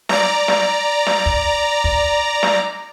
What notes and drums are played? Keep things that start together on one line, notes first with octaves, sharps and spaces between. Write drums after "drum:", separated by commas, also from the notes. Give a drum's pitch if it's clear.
D5 A#5, drum: snare
drum: snare
drum: snare
drum: kick
drum: kick
drum: snare